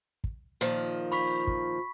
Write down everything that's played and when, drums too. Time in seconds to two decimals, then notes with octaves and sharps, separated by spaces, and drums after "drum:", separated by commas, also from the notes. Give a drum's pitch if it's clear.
0.24 drum: kick
0.61 A#2 D#3 F3, drum: hi-hat
1.12 B5 C#6 B6, drum: open hi-hat
1.47 drum: kick